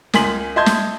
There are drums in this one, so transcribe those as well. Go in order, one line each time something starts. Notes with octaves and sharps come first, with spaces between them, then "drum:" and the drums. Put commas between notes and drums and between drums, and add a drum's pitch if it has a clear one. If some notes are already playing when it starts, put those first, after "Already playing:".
C#2 A#4 G#5 C6 B6 F#7, drum: snare
D#5 E5 A5 C6 G6 G#6
drum: snare